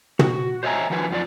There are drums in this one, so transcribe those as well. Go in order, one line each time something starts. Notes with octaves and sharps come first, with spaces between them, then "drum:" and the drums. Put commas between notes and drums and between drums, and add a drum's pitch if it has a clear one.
F#4, drum: tom
C5 C#5 D#5 E5 G#5 A#5
D#3 F3 F#4 B4 F5 G#5
F#2 F3 F#4 D5